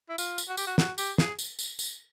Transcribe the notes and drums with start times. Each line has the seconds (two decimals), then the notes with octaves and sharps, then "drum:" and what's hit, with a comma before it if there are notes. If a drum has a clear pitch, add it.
0.09 E4
0.18 F4, drum: tambourine
0.38 drum: tambourine
0.48 F#4
0.57 G4, drum: tambourine
0.67 F#4
0.78 F#4, drum: snare
0.98 G4, drum: tambourine
1.18 G#4, drum: snare
1.39 drum: tambourine
1.59 drum: tambourine
1.79 drum: tambourine